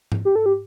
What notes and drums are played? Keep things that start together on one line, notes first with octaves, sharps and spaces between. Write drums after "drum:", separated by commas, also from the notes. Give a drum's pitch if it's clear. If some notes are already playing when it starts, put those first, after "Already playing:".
drum: tom G#2
G4
A4
G4